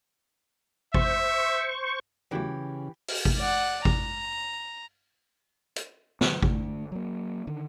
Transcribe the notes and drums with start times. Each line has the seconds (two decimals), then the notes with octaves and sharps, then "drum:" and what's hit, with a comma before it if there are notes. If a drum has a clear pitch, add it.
0.94 C5 E5 C#6, drum: kick G#1
2.31 E2 C#3 E3 F#3 A3 G4
3.08 drum: open hi-hat
3.25 drum: kick G#1
3.37 D5 F#5
3.85 A#5, drum: kick G#1
5.76 drum: hi-hat
6.21 B2 D3 E3 F#3, drum: snare
6.42 D3 A3 D4, drum: kick G#1
6.92 F#3 A#3
7.47 D3 D#3